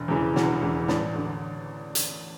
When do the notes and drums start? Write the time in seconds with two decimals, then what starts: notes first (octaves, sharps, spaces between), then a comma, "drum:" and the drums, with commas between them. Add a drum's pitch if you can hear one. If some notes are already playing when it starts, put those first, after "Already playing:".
Already playing: E1
0.08 E2 C#3 E3
0.36 E1 F#4, drum: snare
0.62 E2 C#3 E3
0.88 A1 D4, drum: snare
1.16 D3
1.95 drum: hi-hat